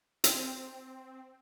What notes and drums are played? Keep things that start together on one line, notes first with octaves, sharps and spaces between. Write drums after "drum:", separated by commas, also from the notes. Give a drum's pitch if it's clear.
C4, drum: hi-hat